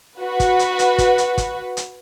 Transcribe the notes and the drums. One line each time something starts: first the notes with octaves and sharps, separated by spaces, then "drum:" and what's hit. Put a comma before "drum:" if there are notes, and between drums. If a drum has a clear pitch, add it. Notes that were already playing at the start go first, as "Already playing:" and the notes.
F#4 B4
drum: kick, hi-hat
drum: hi-hat
drum: hi-hat
drum: kick, hi-hat
drum: hi-hat
drum: kick, hi-hat
drum: hi-hat